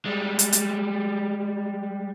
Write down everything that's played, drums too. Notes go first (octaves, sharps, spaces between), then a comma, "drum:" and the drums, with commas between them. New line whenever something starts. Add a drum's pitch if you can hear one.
G3 G#3
drum: hi-hat
drum: hi-hat